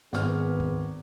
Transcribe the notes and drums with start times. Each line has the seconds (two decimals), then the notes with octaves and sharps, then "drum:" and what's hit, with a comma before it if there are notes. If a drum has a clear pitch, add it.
0.13 G#1 B3 G#4 F6, drum: snare
0.60 drum: kick